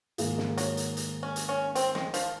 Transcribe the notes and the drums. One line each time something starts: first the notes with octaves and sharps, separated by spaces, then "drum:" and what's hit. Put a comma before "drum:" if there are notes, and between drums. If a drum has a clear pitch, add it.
G#2 D#3 A#3 F4 G#4, drum: hi-hat
drum: snare
F#3, drum: hi-hat
drum: hi-hat
drum: hi-hat
C#4
drum: hi-hat
C#4
C4, drum: hi-hat
G#3, drum: snare
F3, drum: hi-hat